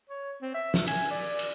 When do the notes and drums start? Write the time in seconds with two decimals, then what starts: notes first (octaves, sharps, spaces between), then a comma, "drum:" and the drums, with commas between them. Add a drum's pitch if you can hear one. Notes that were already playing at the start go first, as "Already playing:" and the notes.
0.09 C#5
0.41 C4
0.54 E5
0.74 drum: snare
0.87 G#5, drum: cymbal
1.11 D5
1.39 drum: cymbal